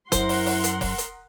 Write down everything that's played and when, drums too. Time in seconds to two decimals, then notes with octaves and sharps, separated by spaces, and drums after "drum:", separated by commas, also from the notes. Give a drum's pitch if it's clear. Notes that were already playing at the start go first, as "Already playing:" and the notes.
0.12 F#2 E4 A#4 C5 F#5 C6, drum: kick F1, hi-hat
0.29 drum: open hi-hat
0.46 drum: open hi-hat
0.64 drum: hi-hat
0.81 drum: kick F1, open hi-hat
0.98 drum: hi-hat